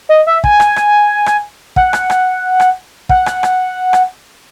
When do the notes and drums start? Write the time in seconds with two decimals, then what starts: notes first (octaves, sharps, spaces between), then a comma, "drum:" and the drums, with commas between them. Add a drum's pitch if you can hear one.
0.09 D#5
0.27 E5
0.44 G#5, drum: kick
0.60 drum: rim click
0.76 drum: rim click
1.26 drum: rim click
1.76 F#5, drum: kick
1.93 drum: rim click
2.10 drum: rim click
2.60 drum: rim click
3.09 F#5, drum: kick
3.26 drum: rim click
3.43 drum: rim click
3.93 drum: rim click